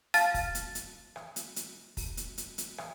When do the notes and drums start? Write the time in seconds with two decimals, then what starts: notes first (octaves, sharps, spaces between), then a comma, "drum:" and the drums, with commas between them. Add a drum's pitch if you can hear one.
0.14 F5 A5 F6 A6, drum: open hi-hat
0.34 drum: kick, open hi-hat
0.55 drum: hi-hat
0.75 drum: hi-hat
1.16 drum: rim click
1.36 drum: hi-hat
1.56 drum: hi-hat
1.97 drum: kick, open hi-hat
2.17 drum: hi-hat
2.38 drum: hi-hat
2.58 drum: hi-hat
2.78 drum: rim click